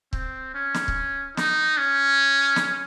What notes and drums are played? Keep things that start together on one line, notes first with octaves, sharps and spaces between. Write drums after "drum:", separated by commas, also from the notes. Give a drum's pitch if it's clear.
C4, drum: kick
C#4
drum: snare
drum: kick
D#4, drum: snare
C#4
drum: snare